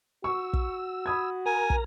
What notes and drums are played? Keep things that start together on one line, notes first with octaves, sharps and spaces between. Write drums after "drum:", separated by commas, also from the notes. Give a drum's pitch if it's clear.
F#4 C#6 E6
drum: kick
B5 D#6 G#6
A#4 G#5 A#5
drum: kick